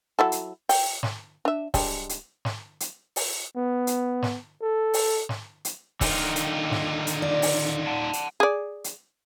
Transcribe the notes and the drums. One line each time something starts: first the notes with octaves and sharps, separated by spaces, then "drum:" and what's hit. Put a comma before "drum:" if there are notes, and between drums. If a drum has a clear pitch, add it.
F#3 E4 A4
drum: hi-hat
G5, drum: open hi-hat
drum: snare
D4 E5
G3 G#3 D4, drum: kick, open hi-hat
drum: hi-hat
drum: snare
drum: hi-hat
drum: open hi-hat
B3
drum: hi-hat
drum: snare
A4
drum: open hi-hat
drum: snare
drum: hi-hat
D3 D#3 D#4 F4, drum: kick, open hi-hat
drum: hi-hat
drum: snare
drum: hi-hat
D5
drum: open hi-hat
F#5 A5
drum: hi-hat
G#4 D5
drum: hi-hat